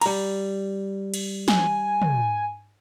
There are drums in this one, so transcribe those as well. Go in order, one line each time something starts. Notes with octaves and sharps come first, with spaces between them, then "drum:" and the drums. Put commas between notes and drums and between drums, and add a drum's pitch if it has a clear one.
G3 A#5, drum: cymbal
drum: cymbal
G#5, drum: snare
drum: tom